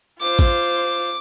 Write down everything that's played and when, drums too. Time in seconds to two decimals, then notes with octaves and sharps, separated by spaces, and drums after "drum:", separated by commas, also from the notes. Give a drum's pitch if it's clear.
0.21 F4 C5 D6
0.39 drum: kick A1